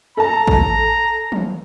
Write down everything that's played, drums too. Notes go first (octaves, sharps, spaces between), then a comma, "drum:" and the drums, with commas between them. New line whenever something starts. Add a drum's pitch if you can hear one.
A4 A5 A#5
drum: kick
drum: tom